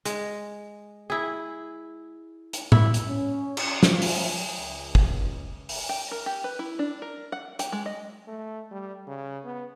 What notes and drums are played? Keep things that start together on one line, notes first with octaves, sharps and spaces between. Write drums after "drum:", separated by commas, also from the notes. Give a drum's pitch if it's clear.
G#3, drum: hi-hat
E4 G#4
drum: hi-hat
E4, drum: tom A2
drum: hi-hat
C#4
drum: cymbal
F3, drum: snare
drum: open hi-hat
C#2
drum: kick
drum: open hi-hat
G5
A#4
G4
B4
E4
D4
A#4
F#5
G5, drum: hi-hat
G#3
D#5
A3
G3
C#3
B3